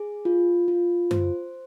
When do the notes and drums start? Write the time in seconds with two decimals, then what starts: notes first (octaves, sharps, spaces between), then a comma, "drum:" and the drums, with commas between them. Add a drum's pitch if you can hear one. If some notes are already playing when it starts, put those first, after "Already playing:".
Already playing: G#4
0.25 F4
0.68 F4
1.11 C5, drum: tom F#2